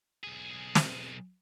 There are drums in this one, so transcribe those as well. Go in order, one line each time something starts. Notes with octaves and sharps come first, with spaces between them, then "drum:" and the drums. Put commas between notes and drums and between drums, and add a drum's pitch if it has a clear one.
B1 G#4
drum: snare